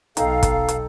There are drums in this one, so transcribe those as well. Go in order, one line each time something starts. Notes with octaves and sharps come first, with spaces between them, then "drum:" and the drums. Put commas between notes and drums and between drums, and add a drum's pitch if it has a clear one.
B1 D#4 A4 F5 G5, drum: hi-hat
drum: kick, hi-hat
drum: hi-hat